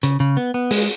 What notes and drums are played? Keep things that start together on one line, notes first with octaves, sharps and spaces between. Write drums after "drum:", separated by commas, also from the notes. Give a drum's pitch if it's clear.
C#3, drum: hi-hat
C#3
B3
B3
G#3, drum: open hi-hat